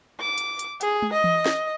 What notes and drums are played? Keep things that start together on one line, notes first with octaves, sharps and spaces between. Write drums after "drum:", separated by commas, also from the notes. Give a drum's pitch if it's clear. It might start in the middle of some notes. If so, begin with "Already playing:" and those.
D6
drum: hi-hat
drum: hi-hat
G#4, drum: hi-hat
drum: tom
D#5
drum: tom E3
drum: snare